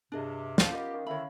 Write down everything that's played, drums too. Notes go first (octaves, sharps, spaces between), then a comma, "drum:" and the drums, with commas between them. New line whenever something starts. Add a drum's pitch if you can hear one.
G2 C3 D4 G#4 D#5
C#4 A4 C5 F5 C7, drum: snare
B3 F4 G4 A#4 D#5
D#3
D3 D#3 E4 C#5 B5